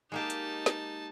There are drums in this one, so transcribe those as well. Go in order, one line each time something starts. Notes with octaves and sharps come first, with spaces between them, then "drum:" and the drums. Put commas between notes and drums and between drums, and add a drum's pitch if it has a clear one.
G#3 A#3 D#4 G4 A5
drum: hi-hat
drum: snare